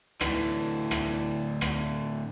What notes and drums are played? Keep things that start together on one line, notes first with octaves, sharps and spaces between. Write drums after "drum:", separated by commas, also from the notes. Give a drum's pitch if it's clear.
A2 D3 E3, drum: rim click
drum: rim click
drum: rim click